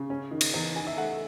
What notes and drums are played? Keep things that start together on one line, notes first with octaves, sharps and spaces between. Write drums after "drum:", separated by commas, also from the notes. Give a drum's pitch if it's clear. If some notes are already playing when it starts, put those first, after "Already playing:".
Already playing: C#3
C#4
D#3
drum: cymbal
E2
D#3 G#5
E5
A3 F#5